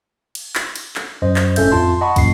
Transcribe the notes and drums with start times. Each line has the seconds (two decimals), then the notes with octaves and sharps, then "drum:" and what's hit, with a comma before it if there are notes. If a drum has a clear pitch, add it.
0.35 drum: cymbal
0.55 drum: clap
0.76 drum: cymbal
0.96 drum: clap
1.22 F#2 C5 D#5
1.36 drum: clap
1.56 G1 A2 C#4 A4 E5 G6, drum: cymbal
1.72 F2 F4 A5 C6
2.01 D#5 F#5 A5 B5 C#6
2.16 A1 F#2 A#2 C7, drum: kick, cymbal